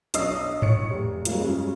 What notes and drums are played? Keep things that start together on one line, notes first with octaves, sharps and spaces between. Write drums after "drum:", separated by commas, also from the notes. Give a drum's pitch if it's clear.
B1 D4 D#5 D#6 E6 C7, drum: hi-hat
C#5 C#7, drum: tom G#2
F1
G2 F3 F#3 G#3 A#3 F4, drum: hi-hat
G2 C#3 G3